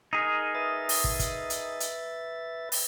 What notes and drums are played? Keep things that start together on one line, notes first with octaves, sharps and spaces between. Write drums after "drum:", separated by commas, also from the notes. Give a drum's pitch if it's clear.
D#4 G#4 A#4
B4 E5 A6
drum: open hi-hat
drum: kick
drum: kick, hi-hat
drum: hi-hat
drum: hi-hat
drum: open hi-hat